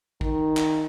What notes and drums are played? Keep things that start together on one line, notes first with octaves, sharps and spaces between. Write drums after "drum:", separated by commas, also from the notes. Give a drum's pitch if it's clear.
D#3, drum: kick
drum: clap